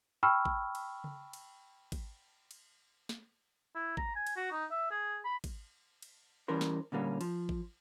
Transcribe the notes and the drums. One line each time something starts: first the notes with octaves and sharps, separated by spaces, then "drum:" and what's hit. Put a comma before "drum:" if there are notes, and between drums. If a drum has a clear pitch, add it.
G5 A5 B5 C#6 E6 F6
drum: kick
drum: cymbal
drum: tom C#3
drum: cymbal
drum: kick, cymbal
drum: cymbal
drum: snare
E4
A#5, drum: kick
G#5
drum: cymbal
F#4
D#4
E5
G#4
B5
drum: kick, cymbal
drum: cymbal
E3 G3 C#4 A#4 C5
drum: snare
A#2 D3 G3 A#3 C#4
F3, drum: cymbal
drum: kick